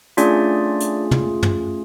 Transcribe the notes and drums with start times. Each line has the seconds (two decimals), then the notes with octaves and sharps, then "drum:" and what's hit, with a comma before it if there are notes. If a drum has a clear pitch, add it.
0.17 A3 C#4 D4 F4 G#4 D5, drum: hi-hat
0.80 drum: hi-hat
1.11 drum: tom
1.43 drum: tom